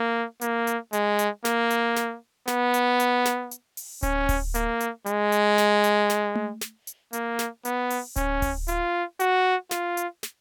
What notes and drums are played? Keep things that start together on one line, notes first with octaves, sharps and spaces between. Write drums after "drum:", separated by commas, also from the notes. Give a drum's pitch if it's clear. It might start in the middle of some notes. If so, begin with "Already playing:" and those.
Already playing: A#3
A#3, drum: hi-hat
drum: hi-hat
G#3, drum: hi-hat
drum: hi-hat
A#3, drum: snare
drum: hi-hat
drum: snare
B3, drum: snare
drum: hi-hat
drum: hi-hat
drum: snare
drum: hi-hat
drum: open hi-hat
C#4, drum: kick D1, hi-hat
drum: kick D1, open hi-hat
A#3, drum: hi-hat
drum: hi-hat
G#3, drum: hi-hat
drum: hi-hat
drum: snare
drum: hi-hat
drum: snare
drum: tom A3
drum: snare
drum: hi-hat
A#3, drum: hi-hat
drum: snare
B3, drum: hi-hat
drum: open hi-hat
C#4, drum: kick D1, hi-hat
drum: kick D1, open hi-hat
F4, drum: hi-hat
F#4, drum: hi-hat
F4, drum: snare
drum: hi-hat
drum: snare